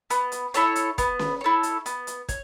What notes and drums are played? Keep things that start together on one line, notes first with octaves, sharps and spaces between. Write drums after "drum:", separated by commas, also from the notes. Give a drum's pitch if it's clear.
B3, drum: hi-hat
drum: hi-hat
E4 A4 C#5, drum: hi-hat
drum: hi-hat
B3, drum: kick, hi-hat
drum: snare C#4
E4 A4 C#5
drum: hi-hat
B3, drum: hi-hat
drum: hi-hat
C#5, drum: kick, hi-hat